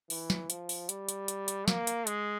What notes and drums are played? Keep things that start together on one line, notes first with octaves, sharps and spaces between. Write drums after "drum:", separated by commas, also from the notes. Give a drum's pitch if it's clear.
E3, drum: open hi-hat
drum: snare
F3, drum: hi-hat
drum: open hi-hat
G3, drum: hi-hat
drum: hi-hat
drum: hi-hat
drum: hi-hat
A#3, drum: snare
drum: hi-hat
G#3, drum: hi-hat